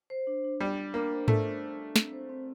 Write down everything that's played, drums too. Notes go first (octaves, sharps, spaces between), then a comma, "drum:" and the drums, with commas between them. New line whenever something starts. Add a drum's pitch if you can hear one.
C5
D4
D4
G3 D4
D4
A#3 D4
C5
A3 C5, drum: tom G#2
D4
D4
D4
C4, drum: snare
C5
C4